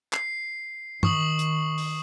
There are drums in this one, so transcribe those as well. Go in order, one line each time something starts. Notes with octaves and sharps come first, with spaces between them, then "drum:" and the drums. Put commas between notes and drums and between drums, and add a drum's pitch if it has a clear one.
C7, drum: clap
D#3 C#6 D#6 F#7, drum: tom
drum: hi-hat
drum: open hi-hat